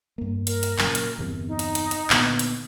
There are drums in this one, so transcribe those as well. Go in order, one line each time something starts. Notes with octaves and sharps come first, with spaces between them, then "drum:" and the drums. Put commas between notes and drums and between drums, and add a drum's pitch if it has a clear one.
G2 A#3
A#4, drum: hi-hat
drum: hi-hat
F#1 F#2 A#2, drum: clap
drum: hi-hat
G1 E2 C3
D#4
drum: hi-hat
drum: hi-hat
drum: hi-hat
A#2 D3 B3, drum: clap
drum: hi-hat